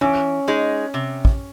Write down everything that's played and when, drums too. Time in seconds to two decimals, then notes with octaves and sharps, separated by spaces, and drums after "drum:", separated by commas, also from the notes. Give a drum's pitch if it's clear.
0.01 E3 C#4
0.48 G#3 D#4 G#4
0.94 C3
1.25 drum: kick